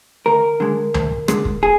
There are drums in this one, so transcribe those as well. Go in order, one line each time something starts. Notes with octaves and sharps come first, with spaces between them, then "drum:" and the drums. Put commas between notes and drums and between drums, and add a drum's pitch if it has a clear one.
D2 A#4
D3 G#3
D2, drum: tom C#2
D3 G#3, drum: rim click
drum: kick
G#4